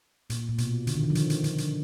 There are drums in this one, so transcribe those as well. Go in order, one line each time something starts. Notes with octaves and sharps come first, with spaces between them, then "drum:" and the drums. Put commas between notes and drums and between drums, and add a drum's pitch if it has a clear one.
A#2, drum: hi-hat
A#2
B2, drum: hi-hat
D3, drum: hi-hat
D#3
D3
F3
D#3, drum: hi-hat
drum: hi-hat
D3, drum: hi-hat
drum: hi-hat